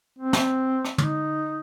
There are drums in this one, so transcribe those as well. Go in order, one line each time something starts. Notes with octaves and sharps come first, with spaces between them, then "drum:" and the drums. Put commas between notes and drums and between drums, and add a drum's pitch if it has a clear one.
C4
drum: snare
drum: rim click
D#4, drum: tom